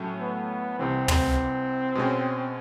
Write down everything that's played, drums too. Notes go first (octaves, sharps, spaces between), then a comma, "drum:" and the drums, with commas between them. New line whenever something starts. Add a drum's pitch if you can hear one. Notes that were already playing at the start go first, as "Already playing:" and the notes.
Already playing: A2 F#3 A3 C#4
B3
C2 C3 E3 C4
C4, drum: tom
B2 G#3 C#4